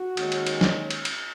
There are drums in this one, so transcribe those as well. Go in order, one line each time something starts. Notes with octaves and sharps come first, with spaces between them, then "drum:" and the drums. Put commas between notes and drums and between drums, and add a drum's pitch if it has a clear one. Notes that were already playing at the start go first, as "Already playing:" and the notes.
Already playing: F#4
D#2 D#3 G#3 C#4, drum: cymbal
drum: cymbal
drum: cymbal
drum: snare
drum: cymbal
drum: cymbal